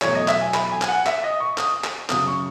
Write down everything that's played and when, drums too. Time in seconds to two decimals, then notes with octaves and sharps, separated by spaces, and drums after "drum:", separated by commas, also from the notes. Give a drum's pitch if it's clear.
0.02 E2 B2 F#3 A3 C#5, drum: clap
0.15 D#5
0.28 E5, drum: clap
0.41 G#5
0.54 B5, drum: clap
0.71 G#5
0.82 G#5, drum: clap
0.88 F#5
1.06 E5, drum: clap
1.24 D#5
1.40 C#6
1.58 D#6, drum: clap
1.84 drum: clap
2.09 F#2 C#3 F#3 D#6, drum: clap
2.27 C#6